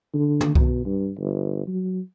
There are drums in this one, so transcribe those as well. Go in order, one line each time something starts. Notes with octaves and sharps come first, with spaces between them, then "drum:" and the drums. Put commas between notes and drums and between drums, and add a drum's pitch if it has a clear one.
D3
drum: tom
B2, drum: kick C2
G2
G1
F#3